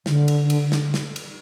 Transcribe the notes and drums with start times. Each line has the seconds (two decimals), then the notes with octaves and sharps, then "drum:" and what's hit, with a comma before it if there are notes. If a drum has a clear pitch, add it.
0.06 D3, drum: snare
0.28 drum: cymbal
0.50 drum: cymbal
0.72 drum: snare
0.94 drum: snare
1.16 drum: cymbal